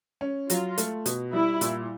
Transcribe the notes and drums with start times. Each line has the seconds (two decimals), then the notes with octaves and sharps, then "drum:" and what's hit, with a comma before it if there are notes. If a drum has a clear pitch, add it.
0.21 C#4
0.50 F#3 F4, drum: hi-hat
0.78 A3, drum: hi-hat
1.06 B2, drum: hi-hat
1.33 G3 E4
1.61 A#2, drum: hi-hat